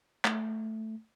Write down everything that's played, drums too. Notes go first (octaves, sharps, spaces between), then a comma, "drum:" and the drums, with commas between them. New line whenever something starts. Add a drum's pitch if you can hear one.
A3, drum: clap